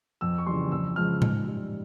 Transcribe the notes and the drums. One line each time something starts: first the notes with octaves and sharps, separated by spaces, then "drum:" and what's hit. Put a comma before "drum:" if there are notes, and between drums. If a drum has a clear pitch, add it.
F2 E6
C#6
C#3 E3 G3 C6
F2 E6
C#3 F3 G#3 F6
G#2, drum: tom A2
G3